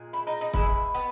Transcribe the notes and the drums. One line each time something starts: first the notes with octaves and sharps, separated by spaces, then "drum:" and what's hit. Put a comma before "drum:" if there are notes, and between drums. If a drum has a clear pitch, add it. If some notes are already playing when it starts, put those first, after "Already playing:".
Already playing: A#2 G#3
E4
D#4
D#4
B2 G#3 E4, drum: kick
B3